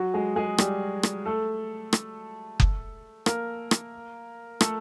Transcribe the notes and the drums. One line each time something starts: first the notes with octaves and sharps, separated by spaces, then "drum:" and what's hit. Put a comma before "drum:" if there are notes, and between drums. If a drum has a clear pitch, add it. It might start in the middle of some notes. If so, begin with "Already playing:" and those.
Already playing: F#3 F#4
G#3 G#4
G#3 G#4
G3 G4, drum: rim click
drum: rim click
A3 A4
drum: rim click
drum: kick F#1
A#3 A#4, drum: rim click
drum: rim click
A3 A4, drum: rim click